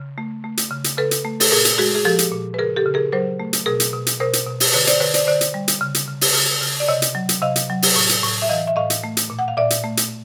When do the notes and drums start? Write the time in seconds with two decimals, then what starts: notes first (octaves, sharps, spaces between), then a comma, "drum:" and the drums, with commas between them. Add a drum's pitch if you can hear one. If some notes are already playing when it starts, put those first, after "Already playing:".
Already playing: C#3
0.18 A3
0.44 A3
0.57 drum: hi-hat
0.71 C#3
0.84 drum: hi-hat
0.97 C#3 A4 B4
1.11 drum: hi-hat
1.25 A3
1.40 A4, drum: open hi-hat
1.51 A#2 G#4 A#4
1.65 drum: hi-hat
1.78 G#3 F#4 G#4
1.95 G#4
2.05 F3 G4 A4
2.19 drum: hi-hat
2.32 A#2
2.54 B4
2.58 C#3 G#4 A#4
2.76 G4 A4
2.86 C#3
2.94 G#4 A#4
3.12 F#3 A#4 C5
3.40 A3
3.53 drum: hi-hat
3.66 B2 G#4 A#4
3.80 drum: hi-hat
3.93 B2
4.07 drum: hi-hat
4.20 B2 A#4 C5
4.33 drum: hi-hat
4.46 B2
4.60 drum: open hi-hat
4.73 D3 B4 C#5
4.87 C5 D5, drum: hi-hat
5.00 D3 B4 C#5
5.14 C5 D5, drum: hi-hat
5.27 D3 C5 D5
5.41 drum: hi-hat
5.54 G3
5.68 drum: hi-hat
5.81 C#3
5.94 drum: hi-hat
6.07 C#3
6.21 drum: open hi-hat
6.35 C#3
6.61 C#3
6.80 D5
6.88 C3 C#5 D#5
7.02 drum: hi-hat
7.15 F#3
7.29 drum: hi-hat
7.42 C3 D#5 F5
7.56 drum: hi-hat
7.69 F#3
7.82 drum: open hi-hat
7.96 A2
8.09 drum: hi-hat
8.23 A2
8.42 E5
8.49 E3 D#5 F5
8.67 E5
8.76 A2 D#5 F5
8.90 drum: hi-hat
9.04 A3
9.17 drum: hi-hat
9.30 A#2
9.39 F#5
9.48 F5
9.57 A#2 D5 E5
9.70 drum: hi-hat
9.84 A3
9.97 drum: hi-hat